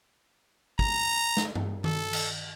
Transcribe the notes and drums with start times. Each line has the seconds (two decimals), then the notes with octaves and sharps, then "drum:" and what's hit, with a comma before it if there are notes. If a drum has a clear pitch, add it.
0.79 A#5, drum: kick
1.37 drum: snare
1.55 drum: tom G2
1.84 A4, drum: tom D#3
2.13 drum: cymbal